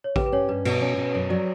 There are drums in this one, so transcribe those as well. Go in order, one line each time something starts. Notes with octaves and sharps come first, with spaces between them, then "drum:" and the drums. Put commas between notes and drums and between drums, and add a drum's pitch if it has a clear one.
C#5
G4 B4, drum: kick A1
B4
C#4 C#5
G2 B4
B2 B4, drum: cymbal
C#4
B2
B4
F#2 C#5
F#3 D5